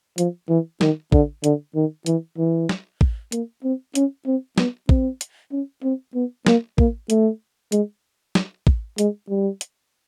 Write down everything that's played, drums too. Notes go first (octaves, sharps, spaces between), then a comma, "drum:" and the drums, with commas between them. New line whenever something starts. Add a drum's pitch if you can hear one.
F3, drum: hi-hat
E3
D#3, drum: snare
D3, drum: kick
D3, drum: hi-hat
D#3
E3, drum: hi-hat
E3
drum: snare
drum: kick
A#3, drum: hi-hat
C4
C#4, drum: hi-hat
C4
B3, drum: snare
C4, drum: kick
drum: hi-hat
C#4
C4
B3
A#3, drum: snare
A#3, drum: kick
A3, drum: hi-hat
G#3, drum: hi-hat
drum: snare
drum: kick
G#3, drum: hi-hat
G3
drum: hi-hat